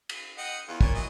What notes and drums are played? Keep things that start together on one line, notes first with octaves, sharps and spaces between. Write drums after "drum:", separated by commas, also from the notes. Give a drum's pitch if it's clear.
drum: cymbal
D#5 F#5 G5
E2 F4
A#2 C#5, drum: kick
E3 F#3 D#5